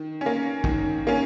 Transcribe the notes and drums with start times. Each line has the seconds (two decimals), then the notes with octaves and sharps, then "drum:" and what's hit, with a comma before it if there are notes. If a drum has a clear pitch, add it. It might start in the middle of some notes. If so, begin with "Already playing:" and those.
Already playing: D#3
0.21 A#3 C#4
0.64 D#3, drum: kick
1.07 A#3 C#4